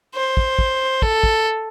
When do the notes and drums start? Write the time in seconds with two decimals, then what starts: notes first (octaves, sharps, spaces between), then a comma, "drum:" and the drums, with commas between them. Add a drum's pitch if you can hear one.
0.15 C5
0.37 drum: kick
0.59 drum: kick
1.02 A4, drum: kick
1.23 drum: kick